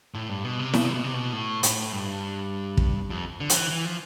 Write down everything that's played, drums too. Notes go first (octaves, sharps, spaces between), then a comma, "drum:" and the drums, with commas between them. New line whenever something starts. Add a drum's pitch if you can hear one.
A2
G2
B2
C3
B2, drum: snare E4
C3
B2
C3
B2
A2
A2, drum: hi-hat
G2
drum: kick
F2
D3
F3, drum: hi-hat
E3
E3
F3